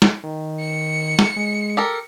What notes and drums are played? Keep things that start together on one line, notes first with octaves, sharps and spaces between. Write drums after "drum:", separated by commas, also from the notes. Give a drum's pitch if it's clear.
drum: snare
D#3
C#7
drum: snare
G#3
G4 A4 A#4